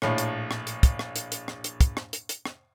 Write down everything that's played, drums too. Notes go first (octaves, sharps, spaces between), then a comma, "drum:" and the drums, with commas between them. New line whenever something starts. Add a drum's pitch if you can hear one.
A#1 A2, drum: rim click
drum: hi-hat
drum: rim click
drum: hi-hat
drum: kick, hi-hat
drum: rim click
drum: hi-hat
drum: hi-hat
drum: rim click
drum: hi-hat
drum: kick, hi-hat
drum: rim click
drum: hi-hat
drum: hi-hat
drum: rim click